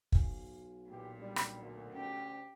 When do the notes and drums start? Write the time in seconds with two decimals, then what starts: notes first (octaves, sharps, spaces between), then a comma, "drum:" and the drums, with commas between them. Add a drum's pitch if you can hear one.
0.12 B1 F#4 F5 G#5, drum: kick
0.89 A#2 E3 G4
1.19 G3 D4
1.36 drum: rim click
1.59 D2 A#4
1.93 C#4 G4